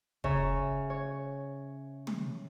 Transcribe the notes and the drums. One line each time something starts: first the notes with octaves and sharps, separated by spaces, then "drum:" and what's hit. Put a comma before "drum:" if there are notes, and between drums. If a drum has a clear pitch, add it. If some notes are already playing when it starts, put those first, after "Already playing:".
C#3 C#5 E5 A#5, drum: kick
C#5
drum: tom